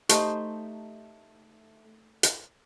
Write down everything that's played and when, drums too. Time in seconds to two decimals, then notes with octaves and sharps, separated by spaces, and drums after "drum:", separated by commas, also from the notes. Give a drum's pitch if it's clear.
0.09 A3 D#4 G4 C5 A5, drum: hi-hat
2.23 drum: hi-hat